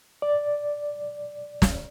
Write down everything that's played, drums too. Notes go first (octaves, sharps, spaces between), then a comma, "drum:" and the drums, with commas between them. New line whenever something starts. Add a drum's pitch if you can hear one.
D5
drum: snare